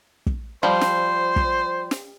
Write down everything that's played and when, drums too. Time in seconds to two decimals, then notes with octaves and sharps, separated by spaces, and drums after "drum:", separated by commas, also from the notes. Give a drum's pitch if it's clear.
0.26 drum: kick
0.63 F3 G3 C5
0.81 drum: snare
1.36 drum: kick
1.91 drum: snare